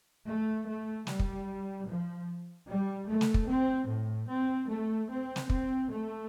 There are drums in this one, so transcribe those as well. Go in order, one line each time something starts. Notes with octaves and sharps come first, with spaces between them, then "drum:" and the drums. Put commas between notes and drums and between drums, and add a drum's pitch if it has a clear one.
A3
A3
G3, drum: snare
drum: kick
F3
G3
A3
drum: snare
drum: kick
C4
A2
C4
A3
C4
drum: snare
C4, drum: kick
A3